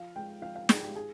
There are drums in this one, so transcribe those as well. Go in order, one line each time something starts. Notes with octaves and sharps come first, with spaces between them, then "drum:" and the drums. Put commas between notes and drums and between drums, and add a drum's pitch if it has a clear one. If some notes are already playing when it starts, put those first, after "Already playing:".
Already playing: F3 F5
G#3 G5
F3 F5
F5
G#2 G#4, drum: snare
G4
G#4